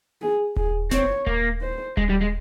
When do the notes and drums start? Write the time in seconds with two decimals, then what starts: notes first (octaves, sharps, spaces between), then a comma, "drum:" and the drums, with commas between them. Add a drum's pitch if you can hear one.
0.21 G#4
0.56 G#4, drum: kick D#1
0.91 C4 C#5, drum: snare F#1
1.27 A#3, drum: kick D#1
1.61 C5
1.97 G#3, drum: kick D#1
2.09 G3
2.21 G#3